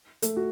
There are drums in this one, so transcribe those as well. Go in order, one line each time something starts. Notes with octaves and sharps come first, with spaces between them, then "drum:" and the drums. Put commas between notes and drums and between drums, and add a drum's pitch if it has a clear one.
A3, drum: hi-hat
F#4